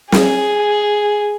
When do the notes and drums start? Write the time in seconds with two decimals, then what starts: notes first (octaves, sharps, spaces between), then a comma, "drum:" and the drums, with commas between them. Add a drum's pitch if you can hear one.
0.12 G#4, drum: snare